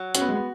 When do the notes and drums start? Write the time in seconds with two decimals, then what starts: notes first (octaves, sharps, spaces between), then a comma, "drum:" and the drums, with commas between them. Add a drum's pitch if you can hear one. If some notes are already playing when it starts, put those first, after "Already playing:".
Already playing: F#3
0.15 C#4 F#4, drum: hi-hat
0.21 B3
0.29 G#3
0.35 B3